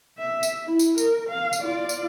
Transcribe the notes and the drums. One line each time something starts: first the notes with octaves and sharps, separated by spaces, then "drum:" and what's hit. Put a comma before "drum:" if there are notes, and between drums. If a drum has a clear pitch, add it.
E5
drum: tambourine
E4
drum: tambourine
A#4, drum: tambourine
F5
drum: tambourine
F4 D5
drum: tambourine